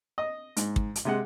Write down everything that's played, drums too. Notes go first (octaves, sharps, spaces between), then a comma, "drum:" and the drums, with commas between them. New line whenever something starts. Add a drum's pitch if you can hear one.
D#5
G#2, drum: hi-hat
drum: kick
drum: hi-hat
C3 G#3 F#5